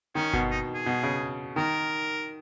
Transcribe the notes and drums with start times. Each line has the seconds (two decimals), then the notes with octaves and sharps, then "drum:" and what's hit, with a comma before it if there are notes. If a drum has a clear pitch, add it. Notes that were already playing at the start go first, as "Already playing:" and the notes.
0.15 D#3 C#4
0.33 B2, drum: kick G1
0.51 D#4
0.74 G#4
0.86 B2
1.03 C#3
1.56 D#3 A#4